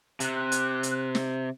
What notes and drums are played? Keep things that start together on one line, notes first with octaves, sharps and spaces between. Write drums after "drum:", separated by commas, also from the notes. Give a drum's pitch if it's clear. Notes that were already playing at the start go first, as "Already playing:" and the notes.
C3 F#6, drum: hi-hat
drum: hi-hat
drum: hi-hat
drum: snare